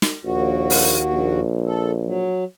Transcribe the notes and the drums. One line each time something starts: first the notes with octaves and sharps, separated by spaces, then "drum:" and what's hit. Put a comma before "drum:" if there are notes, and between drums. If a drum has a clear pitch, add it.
drum: snare
A#1 D#2 F#4
drum: open hi-hat
A#1
A4
F#3